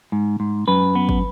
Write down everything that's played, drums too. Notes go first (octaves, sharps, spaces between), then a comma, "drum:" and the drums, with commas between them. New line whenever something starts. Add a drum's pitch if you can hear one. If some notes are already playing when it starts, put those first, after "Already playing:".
G#2
G#2
F#2 B4
B3
drum: kick